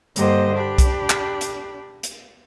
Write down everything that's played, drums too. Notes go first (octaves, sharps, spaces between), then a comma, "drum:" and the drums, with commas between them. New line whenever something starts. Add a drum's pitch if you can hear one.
G2 D3 A#3 G4 C5 D#5, drum: hi-hat
D4 G4 B5
drum: kick B1, hi-hat
drum: clap
drum: hi-hat
drum: hi-hat